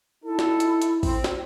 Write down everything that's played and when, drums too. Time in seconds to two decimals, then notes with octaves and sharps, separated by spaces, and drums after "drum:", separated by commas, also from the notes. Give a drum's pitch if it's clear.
0.24 D#4 E4 A4
0.39 drum: snare
0.60 drum: hi-hat
0.82 drum: hi-hat
1.03 C4, drum: kick, open hi-hat
1.24 drum: snare